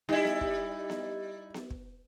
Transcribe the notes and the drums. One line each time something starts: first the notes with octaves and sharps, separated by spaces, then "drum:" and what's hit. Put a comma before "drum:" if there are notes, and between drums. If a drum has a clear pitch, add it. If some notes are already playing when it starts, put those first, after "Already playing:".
G3 D#4 E4
drum: snare B3
drum: kick
drum: snare B3
drum: snare B3
drum: kick